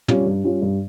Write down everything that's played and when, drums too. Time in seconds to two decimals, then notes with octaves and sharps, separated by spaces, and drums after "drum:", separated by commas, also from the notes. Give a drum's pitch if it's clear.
0.08 G3 C#4 F4, drum: tom
0.26 G2
0.44 G3 C#4 F4
0.62 G2